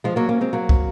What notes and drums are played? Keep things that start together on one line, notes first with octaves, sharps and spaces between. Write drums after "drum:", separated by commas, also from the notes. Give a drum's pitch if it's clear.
F3 G#3
F#3 A#3
A#3 C#4
G#3 C4
F#3 A#3
drum: kick